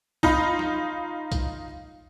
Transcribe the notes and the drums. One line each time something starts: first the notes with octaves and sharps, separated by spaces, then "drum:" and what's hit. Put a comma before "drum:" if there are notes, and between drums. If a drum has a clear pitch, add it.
D#4 F4 B5, drum: kick
drum: snare
drum: kick, hi-hat